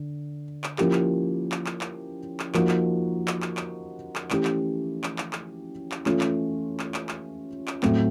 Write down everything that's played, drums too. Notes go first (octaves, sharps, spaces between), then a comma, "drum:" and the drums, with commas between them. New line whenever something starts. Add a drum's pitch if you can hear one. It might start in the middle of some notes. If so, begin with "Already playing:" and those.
Already playing: D3
drum: clap
F3 A#3 C#4 E4 G4, drum: clap
drum: clap
drum: clap
drum: clap
drum: clap
drum: clap
F3 A#3 D#4 F#4, drum: clap
drum: clap
drum: clap
drum: clap
drum: clap
drum: clap
E3 A3 C#4 E4 G4, drum: clap
drum: clap
drum: clap
drum: clap
drum: clap
drum: clap
E3 A3 C#4 F4, drum: clap
drum: clap
drum: clap
drum: clap
drum: clap
drum: clap
A2 F#3 A3 C4, drum: clap